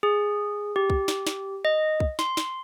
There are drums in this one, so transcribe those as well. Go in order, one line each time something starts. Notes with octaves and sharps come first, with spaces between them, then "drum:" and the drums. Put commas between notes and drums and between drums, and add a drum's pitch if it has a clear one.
G#4
G4
drum: kick
drum: snare
drum: snare
D#5
drum: kick
C6, drum: snare
drum: snare